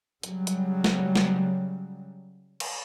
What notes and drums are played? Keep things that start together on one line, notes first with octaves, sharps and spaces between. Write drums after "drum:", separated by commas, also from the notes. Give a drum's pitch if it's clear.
C#3 F#3 G3, drum: hi-hat
drum: hi-hat
drum: snare
drum: snare
drum: cymbal